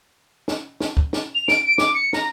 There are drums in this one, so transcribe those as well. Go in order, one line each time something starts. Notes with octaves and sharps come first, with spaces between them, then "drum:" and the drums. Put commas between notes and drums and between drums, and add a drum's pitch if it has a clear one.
drum: snare
drum: snare
drum: kick
drum: snare
F7
D7, drum: snare
D7
D6, drum: snare
C#7
A#5, drum: snare